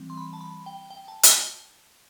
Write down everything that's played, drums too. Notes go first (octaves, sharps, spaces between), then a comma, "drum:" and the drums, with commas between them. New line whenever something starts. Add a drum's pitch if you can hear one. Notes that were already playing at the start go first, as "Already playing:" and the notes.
Already playing: E3 G3 C4
C6
B5
A5
B5
G5
G5
A5
drum: hi-hat